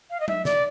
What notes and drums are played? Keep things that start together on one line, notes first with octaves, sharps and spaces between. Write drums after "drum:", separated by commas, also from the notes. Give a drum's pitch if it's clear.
F5
D#5
E5, drum: tom F#3
D5, drum: snare